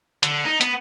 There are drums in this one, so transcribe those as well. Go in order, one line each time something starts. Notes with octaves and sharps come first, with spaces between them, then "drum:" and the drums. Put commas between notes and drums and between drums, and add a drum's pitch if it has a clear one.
D3, drum: hi-hat
D#4
B3, drum: hi-hat